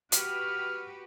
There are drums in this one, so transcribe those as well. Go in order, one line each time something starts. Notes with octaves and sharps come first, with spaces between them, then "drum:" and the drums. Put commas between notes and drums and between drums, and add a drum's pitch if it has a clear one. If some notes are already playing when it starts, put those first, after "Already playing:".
F#4 G4 B4 F6, drum: hi-hat